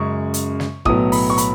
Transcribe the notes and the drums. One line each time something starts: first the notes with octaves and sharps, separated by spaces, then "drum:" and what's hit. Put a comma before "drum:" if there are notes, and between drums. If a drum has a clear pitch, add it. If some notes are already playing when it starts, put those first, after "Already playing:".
Already playing: F#2 C#3 G#3 C#6
drum: hi-hat
drum: snare
B1 A2 F#3 B3 D#6, drum: kick
B5, drum: open hi-hat
C#6
B5, drum: hi-hat